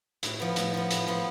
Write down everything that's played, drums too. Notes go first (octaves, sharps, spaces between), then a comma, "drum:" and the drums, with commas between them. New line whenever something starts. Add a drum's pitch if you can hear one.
A2, drum: hi-hat
F3 B3
A2, drum: hi-hat
F3 B3
A2, drum: hi-hat
F3 B3